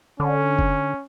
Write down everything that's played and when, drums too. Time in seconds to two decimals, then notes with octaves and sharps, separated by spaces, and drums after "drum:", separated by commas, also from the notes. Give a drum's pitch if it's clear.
0.20 D3 C#4
0.59 drum: kick F#1